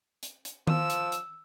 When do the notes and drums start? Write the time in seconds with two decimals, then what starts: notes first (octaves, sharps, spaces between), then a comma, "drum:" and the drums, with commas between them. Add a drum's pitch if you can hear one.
0.23 drum: hi-hat
0.45 drum: hi-hat
0.67 F3 E6, drum: tom D#3
0.90 drum: hi-hat
1.12 drum: hi-hat